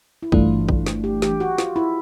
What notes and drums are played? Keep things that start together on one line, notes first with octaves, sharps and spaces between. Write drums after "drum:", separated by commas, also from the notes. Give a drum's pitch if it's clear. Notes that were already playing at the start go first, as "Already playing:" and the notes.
E4
G1 G2 E3 A3 D4 F4, drum: kick
drum: kick
drum: snare
G4
G4, drum: snare
F#4
F4, drum: snare
E4